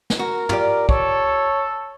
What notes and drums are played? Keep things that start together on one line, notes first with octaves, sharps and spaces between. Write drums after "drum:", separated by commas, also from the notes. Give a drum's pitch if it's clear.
drum: snare
F#4 A#4
F4 G4 D5, drum: tom
A4 C#5, drum: kick